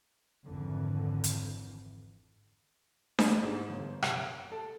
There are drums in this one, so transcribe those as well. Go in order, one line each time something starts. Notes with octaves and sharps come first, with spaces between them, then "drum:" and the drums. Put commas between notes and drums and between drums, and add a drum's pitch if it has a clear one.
G#1 F2 D3 E3
drum: hi-hat
E7, drum: snare D4
G#2
G1
F#1, drum: rim click
D7
A4